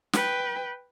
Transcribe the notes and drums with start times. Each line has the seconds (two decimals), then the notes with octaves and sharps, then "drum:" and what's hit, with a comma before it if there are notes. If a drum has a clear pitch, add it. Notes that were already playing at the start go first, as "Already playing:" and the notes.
0.13 B4 G5, drum: snare